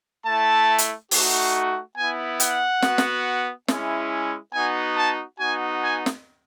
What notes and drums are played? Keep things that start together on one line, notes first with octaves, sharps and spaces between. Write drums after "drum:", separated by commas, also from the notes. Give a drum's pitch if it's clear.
A3 E4 A5
drum: hi-hat
A3 D#4 F#4, drum: open hi-hat
B3 E4 G#5
F#5, drum: hi-hat
B3 F#4, drum: snare
drum: snare
G#3 C#4 E4, drum: snare
B3 D#4 F#4 G#5
A5
B3 D#4 F#4 G#5
G#5
drum: snare